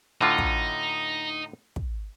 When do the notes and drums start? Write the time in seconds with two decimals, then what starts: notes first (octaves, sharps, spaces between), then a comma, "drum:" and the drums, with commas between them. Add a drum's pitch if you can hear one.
0.21 A2 D3 D#4 F4
0.38 drum: kick
1.76 drum: kick